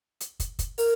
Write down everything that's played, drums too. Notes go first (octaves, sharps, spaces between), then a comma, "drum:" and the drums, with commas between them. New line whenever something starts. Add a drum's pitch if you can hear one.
drum: hi-hat
drum: kick, hi-hat
drum: kick, hi-hat
A#4, drum: open hi-hat